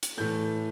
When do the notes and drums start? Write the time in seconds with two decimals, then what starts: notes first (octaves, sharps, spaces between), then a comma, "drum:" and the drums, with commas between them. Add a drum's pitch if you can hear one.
0.03 drum: hi-hat
0.17 A2 E3 A3 G6